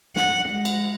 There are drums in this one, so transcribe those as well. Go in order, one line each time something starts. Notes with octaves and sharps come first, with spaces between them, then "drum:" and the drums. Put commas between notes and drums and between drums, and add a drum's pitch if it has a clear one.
F#5, drum: snare
G#3
drum: cymbal